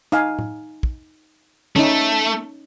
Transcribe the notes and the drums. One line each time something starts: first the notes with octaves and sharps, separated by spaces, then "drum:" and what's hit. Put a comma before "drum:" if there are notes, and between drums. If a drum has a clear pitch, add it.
D#4 F5 G#5, drum: hi-hat
drum: tom A2
drum: kick
A3 C#4 D#4, drum: tom